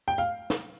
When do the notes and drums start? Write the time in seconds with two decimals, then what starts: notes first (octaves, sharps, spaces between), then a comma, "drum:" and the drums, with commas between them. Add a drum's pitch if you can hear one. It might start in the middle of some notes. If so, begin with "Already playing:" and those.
0.08 G5
0.18 F5
0.50 drum: snare